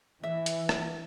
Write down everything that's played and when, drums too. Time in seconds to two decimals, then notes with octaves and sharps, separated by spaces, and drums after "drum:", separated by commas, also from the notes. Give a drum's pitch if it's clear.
0.23 E3 E5
0.46 drum: hi-hat
0.69 drum: rim click